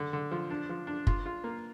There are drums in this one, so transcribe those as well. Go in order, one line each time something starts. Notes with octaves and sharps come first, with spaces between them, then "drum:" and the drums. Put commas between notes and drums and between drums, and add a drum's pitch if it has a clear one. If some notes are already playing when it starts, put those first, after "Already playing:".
Already playing: D3
D3
F3
D4
F3
D4
F4, drum: kick
F4
A#3